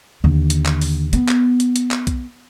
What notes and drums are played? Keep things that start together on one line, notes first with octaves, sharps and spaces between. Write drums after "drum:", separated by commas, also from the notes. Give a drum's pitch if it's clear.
D#2 D3
drum: hi-hat
drum: clap
drum: open hi-hat
B3, drum: hi-hat
drum: clap
drum: hi-hat
drum: hi-hat
drum: clap
drum: kick B1, hi-hat